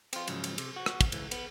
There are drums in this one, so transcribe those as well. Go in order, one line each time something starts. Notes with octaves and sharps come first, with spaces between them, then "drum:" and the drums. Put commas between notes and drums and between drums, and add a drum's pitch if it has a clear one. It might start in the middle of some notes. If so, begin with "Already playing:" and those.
C4 F4, drum: cymbal
G#2 C#3 F3 F#3, drum: cymbal
drum: cymbal
C3, drum: cymbal
F#4
drum: rim click
drum: kick, cymbal
C#2 E3, drum: cymbal
B3, drum: cymbal